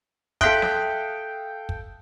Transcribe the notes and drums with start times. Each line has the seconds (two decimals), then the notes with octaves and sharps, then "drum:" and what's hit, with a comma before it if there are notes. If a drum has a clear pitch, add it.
0.41 A4 E5 F5 G5 C6 D#6 F#6 B6, drum: kick
0.62 drum: snare
1.69 drum: kick